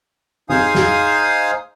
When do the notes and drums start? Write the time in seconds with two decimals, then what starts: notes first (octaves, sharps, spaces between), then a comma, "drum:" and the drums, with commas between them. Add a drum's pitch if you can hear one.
0.50 D#4 G#4 C5 F5 G#5 D#6, drum: tom
0.75 drum: snare